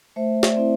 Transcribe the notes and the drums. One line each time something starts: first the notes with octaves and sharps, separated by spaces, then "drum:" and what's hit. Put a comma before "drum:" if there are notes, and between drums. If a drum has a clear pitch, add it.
A3 C5 E5
E5, drum: snare
D5
C4 E4 C5 E5